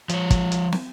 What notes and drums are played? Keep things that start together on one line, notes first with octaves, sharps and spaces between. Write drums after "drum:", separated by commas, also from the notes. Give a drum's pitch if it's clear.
F3 C#5, drum: hi-hat
drum: kick, hi-hat
drum: hi-hat
drum: snare